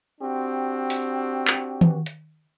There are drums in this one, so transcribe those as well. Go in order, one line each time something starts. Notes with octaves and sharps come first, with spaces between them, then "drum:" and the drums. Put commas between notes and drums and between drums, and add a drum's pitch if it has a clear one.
C4 D4 F#4 G4
drum: open hi-hat
drum: clap
drum: tom D#3
drum: hi-hat